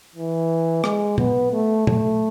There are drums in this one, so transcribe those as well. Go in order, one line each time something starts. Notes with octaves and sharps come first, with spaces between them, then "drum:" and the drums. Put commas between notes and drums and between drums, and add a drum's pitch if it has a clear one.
E3
G#3, drum: rim click
B3, drum: tom A#2
A3
A3, drum: tom A#2